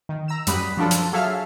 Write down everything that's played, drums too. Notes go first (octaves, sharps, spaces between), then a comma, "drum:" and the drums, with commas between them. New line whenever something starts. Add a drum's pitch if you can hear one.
D#3
A#5 E6
F#2 G3 B5 D#6 F#6 B6, drum: hi-hat
F3 F#3 D4 F4 A4
drum: hi-hat
F#3 G#4 A4 E5 F5 F6